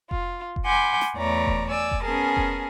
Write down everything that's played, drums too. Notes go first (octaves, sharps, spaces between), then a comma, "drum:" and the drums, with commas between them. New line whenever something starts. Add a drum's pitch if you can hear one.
F4, drum: kick F1
drum: kick F1
F#5 G#5 B5 C6 D6 G6
drum: snare
E2 A3 C#5 D5 A#5
drum: kick F1
D5 G#5 E6
drum: kick F1
B3 C#4 G#4 A#4 G#5 A5
drum: kick F1